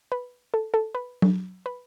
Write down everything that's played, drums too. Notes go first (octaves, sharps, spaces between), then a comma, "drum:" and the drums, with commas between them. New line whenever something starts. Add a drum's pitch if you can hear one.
B4
A4
A4
B4
drum: tom F#3
B4